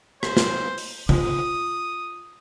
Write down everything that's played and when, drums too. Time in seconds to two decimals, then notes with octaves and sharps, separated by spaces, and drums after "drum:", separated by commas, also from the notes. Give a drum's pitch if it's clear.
0.23 C5, drum: rim click
0.37 drum: snare
0.78 drum: open hi-hat
1.09 F4 D#6, drum: tom C#3